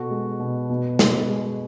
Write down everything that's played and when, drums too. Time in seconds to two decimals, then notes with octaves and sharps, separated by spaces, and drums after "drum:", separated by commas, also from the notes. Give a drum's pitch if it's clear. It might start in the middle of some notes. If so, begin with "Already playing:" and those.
Already playing: B2 F#4 A4
0.10 G#3
0.40 B2
0.70 B2
0.99 B2, drum: snare
1.29 G#3